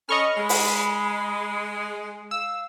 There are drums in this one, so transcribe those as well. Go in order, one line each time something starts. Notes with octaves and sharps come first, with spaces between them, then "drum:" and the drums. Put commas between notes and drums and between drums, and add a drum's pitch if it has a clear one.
C#4 A4 D#5 B5 C#6 F6
G#3
drum: open hi-hat
F5 E6